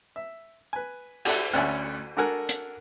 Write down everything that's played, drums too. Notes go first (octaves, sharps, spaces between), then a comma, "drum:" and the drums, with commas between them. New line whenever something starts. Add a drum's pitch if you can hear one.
E5
B4 G#5
F#4 G4 D5 E5 F#5, drum: cymbal
D2 C#4 D5 E5 F#5 G#5
D4 F#4 A4 A#4 F#5 G#5
drum: hi-hat